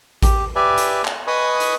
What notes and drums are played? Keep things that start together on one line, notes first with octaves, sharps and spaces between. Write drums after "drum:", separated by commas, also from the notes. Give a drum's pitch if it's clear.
G4, drum: kick A1, hi-hat
G4 B4 D5 E5 G#5
drum: hi-hat
drum: clap
B4 D#5 G#5 B5 C#6 D#6
drum: hi-hat